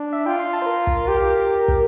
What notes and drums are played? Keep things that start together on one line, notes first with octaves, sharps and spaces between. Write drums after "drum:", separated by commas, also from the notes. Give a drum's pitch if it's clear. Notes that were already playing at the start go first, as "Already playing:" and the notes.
Already playing: D4
E5
F4 G5
C6
A5
C5
A#4
drum: kick
G4
drum: kick